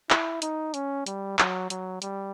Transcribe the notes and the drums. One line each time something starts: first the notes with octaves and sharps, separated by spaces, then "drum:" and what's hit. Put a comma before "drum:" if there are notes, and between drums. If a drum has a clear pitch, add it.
E4, drum: clap
D#4, drum: hi-hat
C#4, drum: hi-hat
G3, drum: hi-hat
F#3, drum: clap
F#3, drum: hi-hat
G3, drum: hi-hat